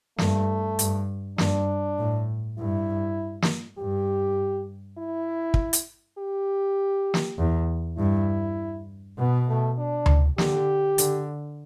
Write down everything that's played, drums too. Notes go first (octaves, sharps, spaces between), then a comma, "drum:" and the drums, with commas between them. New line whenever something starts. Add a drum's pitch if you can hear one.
G2 A3, drum: snare
G2, drum: hi-hat
G2 D4, drum: snare
A2
G2 E4
drum: snare
G2 G4
E4
drum: kick
drum: hi-hat
G4
drum: snare
E2
G2 E4
B2 B3
A3
D4
drum: tom D2
D3 G4, drum: snare
D3, drum: hi-hat